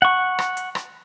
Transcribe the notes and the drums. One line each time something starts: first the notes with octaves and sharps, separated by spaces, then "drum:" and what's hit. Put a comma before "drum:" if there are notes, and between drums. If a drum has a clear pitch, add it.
F#5 C#6
drum: rim click
drum: hi-hat
drum: rim click